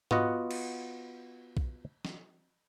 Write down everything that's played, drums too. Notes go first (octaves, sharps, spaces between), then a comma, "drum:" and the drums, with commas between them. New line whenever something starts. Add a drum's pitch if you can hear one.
B3 F4 F#4 D#5 F#5, drum: tom G#2
drum: cymbal
drum: kick B1
drum: snare